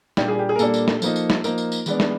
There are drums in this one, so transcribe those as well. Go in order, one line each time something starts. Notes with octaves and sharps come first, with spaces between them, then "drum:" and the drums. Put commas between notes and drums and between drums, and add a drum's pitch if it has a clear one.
A#2 G3 A#3 D4 G4, drum: snare
G#4
G4
G#4
A#4
A#2 G3 A#3 D4 A4, drum: tambourine
drum: tambourine
drum: snare
F3 A#3 D#4, drum: tambourine
drum: tambourine
drum: snare
F3 A#3 D#4 A#4, drum: tambourine
drum: tambourine
drum: tambourine
E3 G#3 B3 D4, drum: tambourine
drum: snare